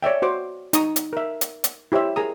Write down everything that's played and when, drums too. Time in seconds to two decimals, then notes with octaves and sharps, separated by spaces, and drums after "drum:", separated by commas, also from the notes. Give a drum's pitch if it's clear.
0.03 C#5 D5 E5 G5
0.22 F#4 C5 D6
0.73 D#4 A#5 C#6 D#6, drum: hi-hat
0.96 drum: hi-hat
1.13 A#4 E5
1.41 drum: hi-hat
1.64 drum: hi-hat
1.92 E4 G4 C5 C#5 E5
2.16 G#4 A#4 A#5 D#6